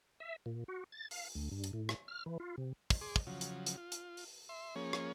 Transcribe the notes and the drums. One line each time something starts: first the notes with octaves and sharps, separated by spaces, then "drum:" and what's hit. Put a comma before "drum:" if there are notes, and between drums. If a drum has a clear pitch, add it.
E5
A#2
F#4
A6
F5, drum: open hi-hat
D2
G2
drum: hi-hat
A2
drum: rim click
F6
E3
F4
C3
drum: kick, open hi-hat
G#4 C6 D6
drum: kick
C#3 F3 F#3
drum: hi-hat
drum: hi-hat
F4
drum: hi-hat
drum: open hi-hat
E5 C6
F3 A#3 C#4 G#4 C#5
drum: rim click